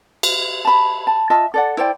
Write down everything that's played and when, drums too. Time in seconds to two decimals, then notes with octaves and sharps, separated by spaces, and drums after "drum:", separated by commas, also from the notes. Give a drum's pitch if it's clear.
0.23 drum: cymbal
0.65 A5 B5
1.07 A5
1.30 F4 D#5 E5 A5
1.54 A4 D5 F#5
1.77 E4 C5 D5 G5